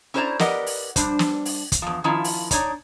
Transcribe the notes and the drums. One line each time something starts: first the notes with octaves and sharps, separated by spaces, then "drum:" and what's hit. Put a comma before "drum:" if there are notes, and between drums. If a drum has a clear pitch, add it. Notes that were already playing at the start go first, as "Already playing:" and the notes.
C#4 E4 A#4 C5 D5 A#5
G4 A#4 B4 D5 D#5 F#5, drum: snare
drum: open hi-hat
G3 D4 C5, drum: kick, hi-hat
drum: snare
drum: open hi-hat
drum: kick, hi-hat
E2 F3
D#3 F3 C#4 E4 F4
drum: open hi-hat
D4 D#4 C#5 D5 A#5, drum: kick, hi-hat